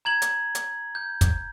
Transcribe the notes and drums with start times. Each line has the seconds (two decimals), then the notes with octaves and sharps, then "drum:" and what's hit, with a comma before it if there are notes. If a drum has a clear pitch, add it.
0.05 A#5 G#6 F#7
0.22 drum: hi-hat
0.55 drum: hi-hat
0.95 G6
1.21 drum: kick, hi-hat